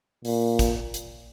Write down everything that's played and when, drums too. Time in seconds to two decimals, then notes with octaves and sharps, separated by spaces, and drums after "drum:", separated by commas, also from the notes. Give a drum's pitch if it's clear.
0.25 A#2, drum: open hi-hat
0.59 drum: kick, hi-hat
0.94 drum: hi-hat